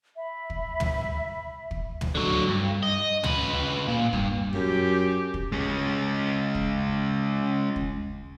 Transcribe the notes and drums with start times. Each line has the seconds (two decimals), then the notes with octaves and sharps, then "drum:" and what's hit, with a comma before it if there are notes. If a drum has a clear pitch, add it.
0.17 E5 B5
0.50 drum: kick
0.80 drum: tom
1.71 drum: kick
2.01 drum: tom
2.15 D3 F#3
2.48 G2
2.83 D#5
3.24 C#2 B4, drum: tom
3.88 A#2
4.13 G2, drum: kick
4.55 F#2 G4
5.34 drum: kick
5.52 G#3 C#4
6.55 drum: kick
7.76 drum: kick